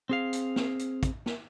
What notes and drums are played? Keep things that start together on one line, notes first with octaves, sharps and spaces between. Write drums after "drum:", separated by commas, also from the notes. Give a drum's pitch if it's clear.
C4 G#4 F5
drum: hi-hat
drum: snare
drum: hi-hat
drum: kick, hi-hat
drum: snare